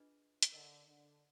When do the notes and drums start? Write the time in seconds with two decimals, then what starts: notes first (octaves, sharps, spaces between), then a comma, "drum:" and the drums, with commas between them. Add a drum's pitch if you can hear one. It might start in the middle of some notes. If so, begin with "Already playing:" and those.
Already playing: D4 F4 G#4 B4 D#5
0.43 drum: hi-hat
0.52 D3 A#4 D#5 F#5 A#5
0.86 D3